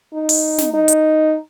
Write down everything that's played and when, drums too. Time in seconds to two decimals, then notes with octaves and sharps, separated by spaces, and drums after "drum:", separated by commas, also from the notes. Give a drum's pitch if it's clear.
0.13 D#4
0.29 drum: open hi-hat
0.58 drum: snare
0.74 D#4
0.88 drum: hi-hat